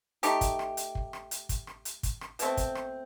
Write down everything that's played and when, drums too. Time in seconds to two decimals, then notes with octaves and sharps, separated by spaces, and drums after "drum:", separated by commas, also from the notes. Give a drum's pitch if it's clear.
0.23 A3 D#4 G4, drum: hi-hat
0.41 drum: kick, hi-hat
0.59 drum: rim click
0.77 drum: hi-hat
0.95 drum: kick
1.13 drum: rim click
1.31 drum: hi-hat
1.49 drum: kick, hi-hat
1.67 drum: rim click
1.85 drum: hi-hat
2.03 drum: kick, hi-hat
2.21 drum: rim click
2.39 B2 A3 C4, drum: hi-hat
2.57 drum: kick, hi-hat
2.75 drum: rim click